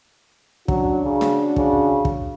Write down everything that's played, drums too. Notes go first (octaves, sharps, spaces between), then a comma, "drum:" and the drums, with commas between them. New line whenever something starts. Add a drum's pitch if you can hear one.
F#3 C#4 D4 F#4, drum: kick
C#3
drum: snare
C#3, drum: kick
drum: kick